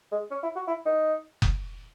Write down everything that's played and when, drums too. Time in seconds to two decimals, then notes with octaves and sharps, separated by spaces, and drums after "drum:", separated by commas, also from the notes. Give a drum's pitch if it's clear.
0.12 G#3
0.31 C#4
0.43 E4
0.56 F#4
0.68 E4
0.86 D#4
1.42 drum: kick F#1